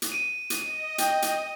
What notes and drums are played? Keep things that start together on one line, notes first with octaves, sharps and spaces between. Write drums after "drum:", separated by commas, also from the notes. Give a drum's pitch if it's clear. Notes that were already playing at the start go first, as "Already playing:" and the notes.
drum: hi-hat
D7 D#7
drum: hi-hat
D#5
G5, drum: hi-hat
drum: hi-hat